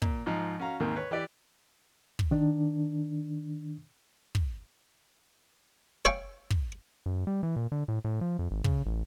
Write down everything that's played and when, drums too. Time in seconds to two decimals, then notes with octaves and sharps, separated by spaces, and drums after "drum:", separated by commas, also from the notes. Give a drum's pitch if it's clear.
0.02 A#2, drum: kick
0.26 G#2 F3 D#4
0.60 C#4 F#4 F5 A#5
0.80 D#2 G#2 C3 D#3 A#3
0.96 B4 C#5
1.11 E3 G4 B4 D5
2.19 drum: kick
2.31 D#3 D4
4.35 drum: kick
6.05 C#5 E5 F5 G5 G#5 C#6
6.50 drum: kick
7.06 F#2
7.27 G3
7.43 E3
7.56 A#2
7.72 D3
7.88 A2
8.04 A2
8.21 F3
8.39 F2
8.51 G#1
8.64 C#3, drum: kick
8.86 A1